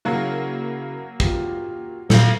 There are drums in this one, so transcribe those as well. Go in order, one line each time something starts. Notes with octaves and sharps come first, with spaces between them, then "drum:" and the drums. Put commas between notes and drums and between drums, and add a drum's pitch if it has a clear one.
C#3 F#3 A#3 E4 F#4 F5
F4 G4, drum: kick
A#2 A4 F5 G6 A#6 C7, drum: snare